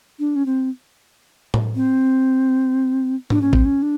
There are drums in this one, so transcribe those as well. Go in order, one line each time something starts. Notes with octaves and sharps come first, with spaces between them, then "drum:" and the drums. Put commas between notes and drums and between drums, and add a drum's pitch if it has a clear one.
D4
C#4
C4
drum: tom A2
C4
D4, drum: tom G#2
C#4
C4, drum: kick A1
C#4
D4